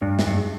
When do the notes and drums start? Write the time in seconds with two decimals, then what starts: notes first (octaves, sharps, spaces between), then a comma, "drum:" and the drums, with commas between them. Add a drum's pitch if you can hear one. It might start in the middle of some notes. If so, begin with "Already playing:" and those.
0.01 G2 D4
0.19 B1, drum: snare
0.27 G2
0.36 G#3